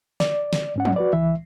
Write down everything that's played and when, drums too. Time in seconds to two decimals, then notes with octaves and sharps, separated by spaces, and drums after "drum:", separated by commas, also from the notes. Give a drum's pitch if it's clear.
0.20 D5, drum: snare
0.53 drum: snare
0.76 G#2 C#4 F#5
0.85 drum: tom F3
0.96 F#4 B4 D5
1.13 C#2 E3 E5